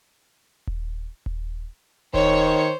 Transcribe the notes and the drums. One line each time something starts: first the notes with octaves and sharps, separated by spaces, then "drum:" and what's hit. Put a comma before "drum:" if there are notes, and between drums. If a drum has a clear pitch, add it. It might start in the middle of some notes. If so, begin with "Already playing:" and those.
drum: kick D#1
drum: kick D#1
D#3 C5 C#5, drum: kick D#1